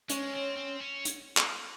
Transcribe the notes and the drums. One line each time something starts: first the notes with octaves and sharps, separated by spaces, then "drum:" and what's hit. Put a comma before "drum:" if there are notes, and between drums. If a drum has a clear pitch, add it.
G#3 C#4, drum: hi-hat
C4
C4
C#4
drum: hi-hat
drum: clap